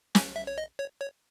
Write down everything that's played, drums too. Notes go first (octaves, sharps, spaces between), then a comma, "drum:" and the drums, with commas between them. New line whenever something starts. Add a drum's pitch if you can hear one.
G#5, drum: snare
E5
C#5
D#5
C#5
C#5